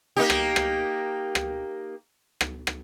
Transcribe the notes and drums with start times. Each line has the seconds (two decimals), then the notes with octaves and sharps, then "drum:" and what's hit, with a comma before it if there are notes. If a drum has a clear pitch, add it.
0.17 A#3 D#4 G4
0.30 drum: rim click
0.56 drum: rim click
1.35 drum: rim click
2.41 drum: rim click
2.67 drum: rim click